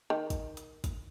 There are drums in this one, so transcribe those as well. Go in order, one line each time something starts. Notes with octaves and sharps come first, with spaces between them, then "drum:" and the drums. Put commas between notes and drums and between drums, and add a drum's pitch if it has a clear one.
D#3
drum: kick G#1, hi-hat
drum: hi-hat
drum: kick G#1, hi-hat